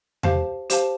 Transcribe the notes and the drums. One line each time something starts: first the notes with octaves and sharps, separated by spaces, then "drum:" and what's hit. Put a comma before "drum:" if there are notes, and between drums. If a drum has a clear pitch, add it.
G4 C5 F5 A5, drum: tom E2
G4 C5 F5 A5, drum: hi-hat